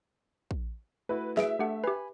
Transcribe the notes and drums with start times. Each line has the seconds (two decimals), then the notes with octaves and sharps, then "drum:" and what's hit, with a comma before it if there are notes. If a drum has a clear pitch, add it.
0.51 drum: kick
1.09 A3 E4 F#4 B4
1.37 G#4 B4 E5 D7, drum: snare
1.59 A3 D4 G4 F#5
1.84 G4 B4 G#5 B5